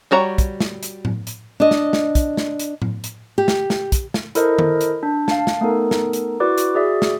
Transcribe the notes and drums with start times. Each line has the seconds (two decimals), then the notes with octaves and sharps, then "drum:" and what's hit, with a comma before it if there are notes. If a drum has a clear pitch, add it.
0.11 G3 F#4 C#5 A#5
0.38 drum: kick, hi-hat
0.60 drum: snare
0.83 drum: hi-hat
1.05 drum: tom A2
1.27 drum: hi-hat
1.60 D4 D#5
1.71 drum: snare
1.93 drum: snare
2.15 drum: kick, hi-hat
2.37 drum: snare
2.60 drum: hi-hat
2.82 drum: tom A2
3.04 drum: hi-hat
3.38 G4
3.48 drum: snare
3.70 drum: snare
3.92 drum: kick, hi-hat
4.14 drum: snare
4.35 E4 A4 A#4 C5 D#5, drum: hi-hat
4.59 drum: tom D#3
4.81 drum: hi-hat
5.03 D4
5.28 F5 A5, drum: snare
5.47 drum: snare
5.61 A3 B3 D#4 A4 A#4
5.91 drum: snare
6.13 drum: hi-hat
6.40 E4 F#4 B4 D5 D6
6.58 drum: hi-hat
6.75 F#4 G#4 D5 E5
7.02 drum: snare